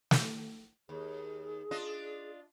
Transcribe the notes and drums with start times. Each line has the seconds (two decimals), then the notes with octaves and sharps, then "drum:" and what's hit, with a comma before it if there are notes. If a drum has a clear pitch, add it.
0.11 drum: snare
0.89 D#2 G#4
1.71 D4 F4 D#5